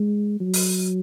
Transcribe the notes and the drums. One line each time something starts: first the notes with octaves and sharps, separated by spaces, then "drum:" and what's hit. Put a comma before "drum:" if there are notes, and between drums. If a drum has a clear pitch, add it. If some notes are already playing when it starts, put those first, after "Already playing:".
Already playing: G#3
F#3
drum: open hi-hat